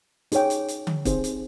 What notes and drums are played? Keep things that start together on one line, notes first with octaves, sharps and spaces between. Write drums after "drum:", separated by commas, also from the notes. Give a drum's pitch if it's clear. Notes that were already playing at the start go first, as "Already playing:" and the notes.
D#4 G#4 C#5 G5, drum: hi-hat
drum: hi-hat
drum: hi-hat
drum: tom D3
C4 D#4 G#4 C5, drum: kick, hi-hat
drum: hi-hat